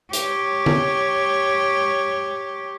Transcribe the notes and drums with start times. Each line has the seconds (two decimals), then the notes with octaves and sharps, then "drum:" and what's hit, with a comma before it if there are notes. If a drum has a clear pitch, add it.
0.13 G4 C#5, drum: hi-hat
0.66 drum: tom D3